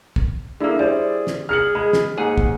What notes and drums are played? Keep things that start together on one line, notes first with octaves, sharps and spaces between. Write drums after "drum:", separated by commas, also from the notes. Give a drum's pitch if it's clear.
drum: kick
D3 A#3 D4 E4 G#4
G3 E4 C5 D5
drum: snare
G#4 F6 C#7 F#7
G#3 B5
drum: snare
D#2 G#2 G#4 F#5
drum: kick